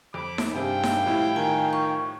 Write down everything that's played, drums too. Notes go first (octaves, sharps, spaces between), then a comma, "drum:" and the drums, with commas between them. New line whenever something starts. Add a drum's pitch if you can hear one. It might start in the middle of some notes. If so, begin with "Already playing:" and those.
F2 B5 D6
drum: snare D#4
G2 C3 G#4 F5 G5
drum: snare D#4
A2 F3 G3 E4
D#3 G#5
C#6